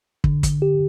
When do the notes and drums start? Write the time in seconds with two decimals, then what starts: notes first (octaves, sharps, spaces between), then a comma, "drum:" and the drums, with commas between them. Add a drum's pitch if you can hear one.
0.24 D3, drum: kick
0.43 drum: kick, hi-hat
0.62 G4